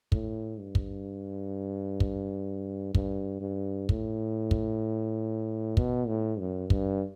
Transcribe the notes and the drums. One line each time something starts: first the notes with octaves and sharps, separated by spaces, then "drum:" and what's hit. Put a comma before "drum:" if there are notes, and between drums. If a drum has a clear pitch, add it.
A2, drum: kick
G2
drum: kick
drum: kick
G2, drum: kick
G2
A2, drum: kick
drum: kick
B2, drum: kick
A2
F#2
G2, drum: kick